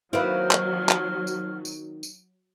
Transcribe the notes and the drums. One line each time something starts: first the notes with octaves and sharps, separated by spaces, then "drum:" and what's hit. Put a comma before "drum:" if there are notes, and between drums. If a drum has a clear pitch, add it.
D#3 F#3 A#3 C4 E4 B4 F6
drum: clap
drum: clap
drum: tambourine
drum: tambourine
drum: tambourine